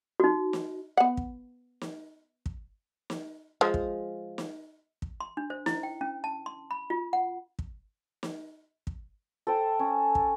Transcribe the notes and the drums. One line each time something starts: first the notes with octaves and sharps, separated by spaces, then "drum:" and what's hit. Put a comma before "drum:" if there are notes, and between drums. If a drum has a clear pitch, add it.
D#4 F#4
drum: snare
B3 F#5
drum: kick
drum: snare
drum: kick
drum: snare
F3 G#3
drum: kick
drum: snare
drum: kick
C6
D4
C5
E4, drum: snare
G5
C#4
A5
C6
B5
F4
F#5
drum: kick
drum: snare
drum: kick
A4 C5 G5
C#4
drum: kick